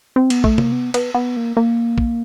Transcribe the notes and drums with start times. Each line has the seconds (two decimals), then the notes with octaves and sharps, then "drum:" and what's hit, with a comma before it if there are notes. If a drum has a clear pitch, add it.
0.16 C4
0.30 B3, drum: cymbal
0.44 A3, drum: kick
0.58 A#3, drum: tom C3
0.72 B3
0.94 B3, drum: cymbal
1.14 B3
1.37 A#3
1.57 A#3
1.98 drum: kick